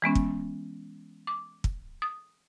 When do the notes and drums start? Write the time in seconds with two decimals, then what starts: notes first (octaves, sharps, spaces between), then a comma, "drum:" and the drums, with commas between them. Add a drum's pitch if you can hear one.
0.02 E3 G#3 B3 C#4
0.15 drum: kick
1.27 D6
1.64 drum: kick
2.02 D#6